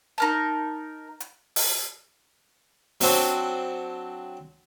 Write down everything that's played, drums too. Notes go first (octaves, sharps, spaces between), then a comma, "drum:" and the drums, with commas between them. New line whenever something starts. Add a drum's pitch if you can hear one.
D#4 A#4 A5
drum: hi-hat
drum: open hi-hat
F#3 C4 D4 F#4 C5, drum: open hi-hat